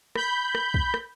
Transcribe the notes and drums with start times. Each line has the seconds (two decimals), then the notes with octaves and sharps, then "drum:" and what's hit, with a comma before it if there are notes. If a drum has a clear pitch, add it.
0.15 B5 G6, drum: rim click
0.55 drum: rim click
0.74 drum: kick
0.94 drum: rim click